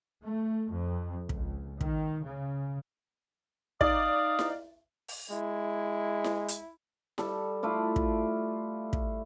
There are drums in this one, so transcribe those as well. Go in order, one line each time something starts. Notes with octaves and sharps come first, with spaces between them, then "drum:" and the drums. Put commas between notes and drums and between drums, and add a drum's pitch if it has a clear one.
A3
F2
C#2, drum: kick
D#3, drum: kick
C#3
D#4 D5 F5 D#6, drum: kick
drum: snare E4
drum: open hi-hat
G#3 E4
drum: snare E4
drum: hi-hat
G3 A4, drum: snare E4
A3 E4 F4 D5
drum: kick
drum: kick